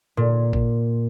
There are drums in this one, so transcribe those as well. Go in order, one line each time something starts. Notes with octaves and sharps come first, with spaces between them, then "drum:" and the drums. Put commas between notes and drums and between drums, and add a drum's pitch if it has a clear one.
A#2
drum: kick A1